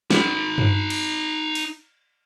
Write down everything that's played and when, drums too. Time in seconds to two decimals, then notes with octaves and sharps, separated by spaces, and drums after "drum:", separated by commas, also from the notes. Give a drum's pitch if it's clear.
0.11 D#4 B5, drum: snare
0.58 drum: tom G2
0.90 drum: cymbal
1.55 drum: open hi-hat